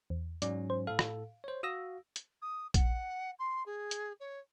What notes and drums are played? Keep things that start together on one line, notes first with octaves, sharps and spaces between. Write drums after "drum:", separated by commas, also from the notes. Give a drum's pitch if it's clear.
E2
G#2 F#3 C#4 D5, drum: hi-hat
C5
A2 A4 F5
drum: rim click
C5 C#5
F#4 F5 D#6 E6 A#6
drum: hi-hat
D#6
F#5, drum: kick A#1, hi-hat
C6
G#4
drum: hi-hat
C#5